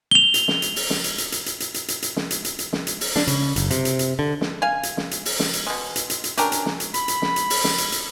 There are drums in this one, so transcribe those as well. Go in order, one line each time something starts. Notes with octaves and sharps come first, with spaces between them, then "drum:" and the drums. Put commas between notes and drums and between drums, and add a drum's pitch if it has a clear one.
F7 G7
drum: hi-hat
drum: snare
drum: hi-hat
drum: open hi-hat
drum: snare
drum: hi-hat
drum: hi-hat
drum: hi-hat
drum: hi-hat
drum: hi-hat
drum: hi-hat
drum: hi-hat
drum: hi-hat
drum: snare
drum: hi-hat
drum: hi-hat
drum: hi-hat
drum: snare
drum: hi-hat
drum: open hi-hat
D4, drum: snare
C#3, drum: hi-hat
F#1, drum: hi-hat
C3, drum: hi-hat
drum: hi-hat
drum: hi-hat
D3
drum: snare
F5 G#5
drum: hi-hat
drum: snare
drum: hi-hat
drum: open hi-hat
drum: snare
drum: hi-hat
B2 G#3
drum: hi-hat
drum: hi-hat
drum: hi-hat
C#4 D4 G4 A#4, drum: hi-hat
drum: hi-hat
drum: snare
drum: hi-hat
B5, drum: hi-hat
drum: hi-hat
drum: snare
drum: hi-hat
drum: open hi-hat
drum: snare
drum: hi-hat
drum: hi-hat